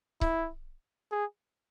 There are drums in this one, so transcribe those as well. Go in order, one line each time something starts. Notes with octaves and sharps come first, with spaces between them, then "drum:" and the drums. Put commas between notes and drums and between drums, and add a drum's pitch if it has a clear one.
E4, drum: kick C#1
G#4